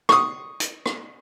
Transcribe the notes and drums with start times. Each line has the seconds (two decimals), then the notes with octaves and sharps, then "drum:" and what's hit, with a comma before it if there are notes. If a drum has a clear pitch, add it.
0.09 C#6 D#6, drum: rim click
0.60 drum: hi-hat
0.86 drum: rim click